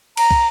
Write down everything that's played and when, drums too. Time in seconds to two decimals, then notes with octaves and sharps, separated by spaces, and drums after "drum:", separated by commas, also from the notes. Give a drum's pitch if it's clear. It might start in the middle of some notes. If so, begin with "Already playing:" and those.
0.17 A#5, drum: cymbal
0.31 drum: kick